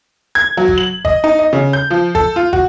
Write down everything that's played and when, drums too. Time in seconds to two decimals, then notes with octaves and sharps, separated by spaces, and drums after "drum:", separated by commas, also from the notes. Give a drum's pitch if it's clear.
0.35 G#6
0.57 F#3
0.68 drum: kick
0.78 F#7
1.05 D#5, drum: kick
1.24 D#4
1.39 D#5
1.53 C#3
1.73 G6
1.90 F3
2.15 A4, drum: kick
2.36 F4
2.53 F#4, drum: kick